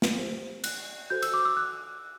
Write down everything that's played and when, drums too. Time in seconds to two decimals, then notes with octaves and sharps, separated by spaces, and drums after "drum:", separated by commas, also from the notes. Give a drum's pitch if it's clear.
0.02 drum: snare
0.19 G4 C5
0.64 F#6, drum: cymbal
1.10 F#4 A4 C5 G6
1.22 E6, drum: cymbal
1.34 D6
1.45 E6
1.57 F#6